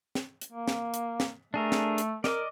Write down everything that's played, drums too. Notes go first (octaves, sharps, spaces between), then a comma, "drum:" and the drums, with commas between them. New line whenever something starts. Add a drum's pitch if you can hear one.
drum: snare
drum: hi-hat
A#3
drum: snare
drum: hi-hat
drum: snare
A3 D4 G#4 A#4
drum: snare
drum: hi-hat
A#4 D5 D#5 D6, drum: snare